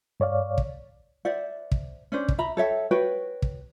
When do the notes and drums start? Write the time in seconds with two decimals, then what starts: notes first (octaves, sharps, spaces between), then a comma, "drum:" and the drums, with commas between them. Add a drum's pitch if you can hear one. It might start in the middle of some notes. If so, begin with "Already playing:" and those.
0.20 G2 C#5 D5 F5
0.58 drum: kick
1.25 C5 D5 E5 F#5
1.72 drum: kick
2.12 C#4 D4 C5
2.28 drum: kick
2.38 E5 A#5 B5
2.57 A4 C#5 E5 G5
2.91 F#4 B4 C#5 G5
3.42 drum: kick